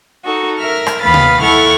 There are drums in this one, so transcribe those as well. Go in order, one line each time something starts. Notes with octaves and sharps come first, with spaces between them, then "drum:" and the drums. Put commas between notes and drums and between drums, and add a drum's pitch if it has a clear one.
D#4 F#4 A4
A#4 E5 F6
drum: rim click
D#2 B3 B4 F5 B5 A6
drum: tom C3
D#2 E4 A4 F#5 C#6 F6